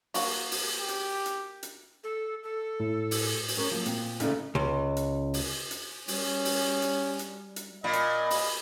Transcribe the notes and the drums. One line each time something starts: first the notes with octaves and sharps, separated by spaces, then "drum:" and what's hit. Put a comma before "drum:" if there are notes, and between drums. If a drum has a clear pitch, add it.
A#3 F#4, drum: open hi-hat
drum: open hi-hat
G4
drum: hi-hat
drum: hi-hat
drum: hi-hat
A4
A4
A2
drum: open hi-hat
drum: open hi-hat
C#4 A#4 C#5
F3 F#3 A#3
A#2 C4, drum: hi-hat
A1 C#3 A3, drum: hi-hat
C#2
drum: hi-hat
drum: open hi-hat
drum: hi-hat
G3 C#4, drum: open hi-hat
drum: open hi-hat
drum: hi-hat
drum: hi-hat
drum: hi-hat
A#2 D#5 B5
drum: hi-hat
drum: open hi-hat